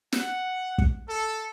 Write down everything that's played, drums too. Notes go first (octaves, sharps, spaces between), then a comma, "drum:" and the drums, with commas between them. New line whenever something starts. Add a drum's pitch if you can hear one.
F#5, drum: snare
drum: kick
A4